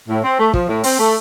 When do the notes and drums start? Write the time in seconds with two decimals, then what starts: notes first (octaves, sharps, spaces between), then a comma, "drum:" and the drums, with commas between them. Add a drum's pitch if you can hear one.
0.09 A2
0.24 C4
0.39 A3
0.54 F3, drum: kick
0.69 A2
0.84 C4, drum: open hi-hat
0.99 A3